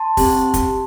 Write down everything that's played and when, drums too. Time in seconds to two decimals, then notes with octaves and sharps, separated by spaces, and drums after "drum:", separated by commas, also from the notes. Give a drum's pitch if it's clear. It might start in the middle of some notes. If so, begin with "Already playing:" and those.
Already playing: A5 C6
0.17 C4 G4, drum: kick, open hi-hat
0.54 drum: kick, hi-hat